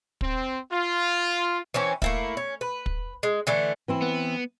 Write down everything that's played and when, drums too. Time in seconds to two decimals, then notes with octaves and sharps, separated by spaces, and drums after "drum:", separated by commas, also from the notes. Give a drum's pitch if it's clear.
0.21 C4, drum: kick
0.72 F4
1.74 E3 C4 C#4
2.02 A3 A#3 E4, drum: kick
2.37 C#4
2.61 B4
2.86 drum: kick
3.23 G#3
3.47 D3 E3 A3
3.88 E3 C4 E4
4.02 B3